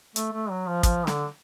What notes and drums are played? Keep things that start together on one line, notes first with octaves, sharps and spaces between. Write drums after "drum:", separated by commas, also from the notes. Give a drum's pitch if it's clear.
A3, drum: hi-hat
A3
F#3
F3
F3, drum: kick, hi-hat
D3, drum: snare